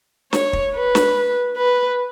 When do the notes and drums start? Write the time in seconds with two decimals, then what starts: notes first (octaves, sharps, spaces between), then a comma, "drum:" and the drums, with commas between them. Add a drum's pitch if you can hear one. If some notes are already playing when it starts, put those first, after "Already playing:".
0.33 C#5, drum: snare
0.53 drum: kick
0.75 B4
0.95 drum: snare
1.57 B4